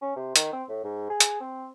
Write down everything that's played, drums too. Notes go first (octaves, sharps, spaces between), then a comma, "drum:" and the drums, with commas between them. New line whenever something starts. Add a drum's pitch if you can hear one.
C#4
C3
D#3, drum: hi-hat
C4
A2
G#2
G#4
drum: hi-hat
C4